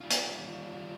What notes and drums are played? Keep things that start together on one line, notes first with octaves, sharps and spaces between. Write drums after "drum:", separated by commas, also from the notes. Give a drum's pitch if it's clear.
G3 F4
drum: hi-hat